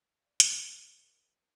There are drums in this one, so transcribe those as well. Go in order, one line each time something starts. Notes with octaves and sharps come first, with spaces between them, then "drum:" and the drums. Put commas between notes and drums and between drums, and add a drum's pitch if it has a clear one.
F5
D5
D5, drum: hi-hat
C5
A#4